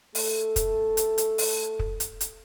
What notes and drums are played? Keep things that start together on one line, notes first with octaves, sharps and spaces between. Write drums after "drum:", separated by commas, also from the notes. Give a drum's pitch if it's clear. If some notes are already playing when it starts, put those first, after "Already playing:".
A3 A4, drum: open hi-hat
drum: kick, hi-hat
drum: hi-hat
drum: hi-hat
drum: open hi-hat
drum: kick
drum: hi-hat
drum: hi-hat